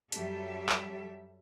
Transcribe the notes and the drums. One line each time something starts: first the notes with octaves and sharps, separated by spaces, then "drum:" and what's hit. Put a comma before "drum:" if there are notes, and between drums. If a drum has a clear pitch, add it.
F#2 F#3 G3 G4 A4 E5, drum: hi-hat
drum: clap